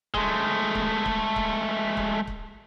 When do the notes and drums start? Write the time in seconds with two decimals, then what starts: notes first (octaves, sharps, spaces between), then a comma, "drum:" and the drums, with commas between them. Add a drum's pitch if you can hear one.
0.14 G#3 A3, drum: kick C#1
0.75 drum: kick C#1
1.06 drum: kick C#1
1.36 drum: kick C#1
1.97 drum: kick C#1
2.27 drum: kick C#1